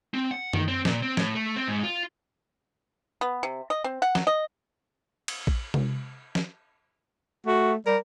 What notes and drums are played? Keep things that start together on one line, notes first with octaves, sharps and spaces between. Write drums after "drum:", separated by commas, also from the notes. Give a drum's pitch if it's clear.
C4
F#5
D#3, drum: tom F#2
C4
A#2, drum: snare
C4
A2, drum: snare
A3
C4
G#2
F4
B3
C3
D#5
C4
F#5
F#3, drum: snare
D#5
drum: cymbal
drum: kick A#1
drum: tom C3
drum: snare
A3 F#4
G3 A#4